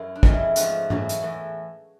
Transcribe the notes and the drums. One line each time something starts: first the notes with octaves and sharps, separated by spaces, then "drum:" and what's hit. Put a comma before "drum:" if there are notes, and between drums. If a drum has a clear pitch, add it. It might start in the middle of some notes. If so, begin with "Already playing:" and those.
Already playing: F#2 E4
D4
F2 C#3 E3 A3 D#4, drum: kick
E4
G#2 F3 A3 F#4, drum: hi-hat
E2 B2 F#3 A3, drum: tom G#2
drum: hi-hat
A2 E3